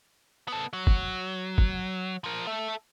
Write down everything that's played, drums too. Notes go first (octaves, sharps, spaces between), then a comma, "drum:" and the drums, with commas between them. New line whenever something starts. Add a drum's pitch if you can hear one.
B3 A4
F#3
drum: kick
drum: kick
F3 A#4
A4 E5